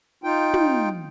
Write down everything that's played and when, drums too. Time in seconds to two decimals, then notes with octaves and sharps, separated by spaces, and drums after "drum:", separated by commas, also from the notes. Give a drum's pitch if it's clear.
0.24 D#4 F4 G5
0.54 drum: tom